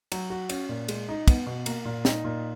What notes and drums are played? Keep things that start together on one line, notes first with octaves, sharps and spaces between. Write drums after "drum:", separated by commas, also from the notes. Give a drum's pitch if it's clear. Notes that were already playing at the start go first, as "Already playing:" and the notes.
F#3, drum: cymbal
F#4
C#4, drum: cymbal
A#2
G#3, drum: cymbal
D#4
B3, drum: kick, cymbal
B2
A#3, drum: cymbal
A#2
D#4, drum: snare
A#2